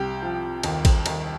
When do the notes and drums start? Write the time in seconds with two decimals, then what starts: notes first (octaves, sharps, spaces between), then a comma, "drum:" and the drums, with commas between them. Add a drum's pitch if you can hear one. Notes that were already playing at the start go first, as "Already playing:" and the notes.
Already playing: C2 G4
0.22 F3
0.63 D#2, drum: cymbal
0.85 drum: kick, cymbal
1.06 D#2, drum: cymbal